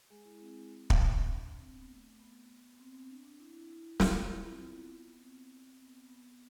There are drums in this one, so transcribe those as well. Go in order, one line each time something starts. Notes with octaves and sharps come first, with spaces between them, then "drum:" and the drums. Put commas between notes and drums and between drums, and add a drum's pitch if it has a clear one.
G#3 G#4
E4
C4
drum: kick
D4
C4
B3
A3
B3
C4
C4
D4
D4
E4
E4
F4, drum: snare
F4
E4
C4
B3
B3
B3
C4
B3
B3